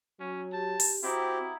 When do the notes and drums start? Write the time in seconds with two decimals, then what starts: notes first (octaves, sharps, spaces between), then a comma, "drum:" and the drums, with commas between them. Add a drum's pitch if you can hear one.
0.20 F#3 C#4
0.53 G4 A5
0.80 drum: open hi-hat
1.03 C4 E4 F#4 G4 D#5 A#5 D#6